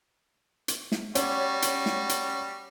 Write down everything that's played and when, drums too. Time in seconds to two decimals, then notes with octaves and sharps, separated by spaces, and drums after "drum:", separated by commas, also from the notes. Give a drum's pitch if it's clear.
0.68 drum: hi-hat
0.92 drum: snare
1.15 G3 C#4 F#4, drum: hi-hat
1.62 drum: hi-hat
1.86 drum: snare
2.09 drum: hi-hat